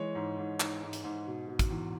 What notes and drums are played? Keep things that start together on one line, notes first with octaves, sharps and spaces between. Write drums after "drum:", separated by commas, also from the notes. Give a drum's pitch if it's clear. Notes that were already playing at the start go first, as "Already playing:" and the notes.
Already playing: E3 G#3 C#5
G#2
G#2
G#2, drum: clap
G#2
drum: hi-hat
G#2
B2
B2
drum: kick, hi-hat
E2